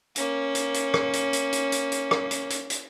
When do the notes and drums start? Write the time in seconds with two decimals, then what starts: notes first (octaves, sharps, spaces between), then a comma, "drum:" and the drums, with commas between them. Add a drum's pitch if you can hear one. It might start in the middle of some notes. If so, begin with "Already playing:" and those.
0.16 A#3 C#4, drum: hi-hat
0.55 drum: hi-hat
0.74 drum: hi-hat
0.94 drum: rim click
1.13 drum: hi-hat
1.33 drum: hi-hat
1.53 drum: hi-hat
1.72 drum: hi-hat
1.92 drum: hi-hat
2.11 drum: rim click
2.31 drum: hi-hat
2.50 drum: hi-hat
2.70 drum: hi-hat